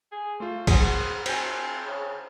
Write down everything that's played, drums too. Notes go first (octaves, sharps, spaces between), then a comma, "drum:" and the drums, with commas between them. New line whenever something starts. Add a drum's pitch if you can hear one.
G#4
A3 F4 C5
G#4 F#5, drum: kick, cymbal
C4 C5 G#5, drum: cymbal
C#3